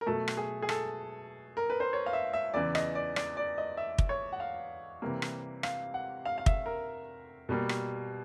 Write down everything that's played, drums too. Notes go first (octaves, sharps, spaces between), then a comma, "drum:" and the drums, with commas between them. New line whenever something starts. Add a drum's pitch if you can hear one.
A#4
B2 F#3 A3 A4
drum: rim click
G#4
G#4
A4, drum: rim click
A#4
B4
C5
C#5
F5
E5
E5
E2 C#3 E3 D5
D#5, drum: rim click
D5
D5, drum: rim click
D5
D#5
E5
drum: kick
C#5
F#5
F5
C3 E3 G3 A#3
drum: rim click
F5, drum: rim click
F#5
F5
F5
E5, drum: kick
A#4
B2 G3 A#3
drum: rim click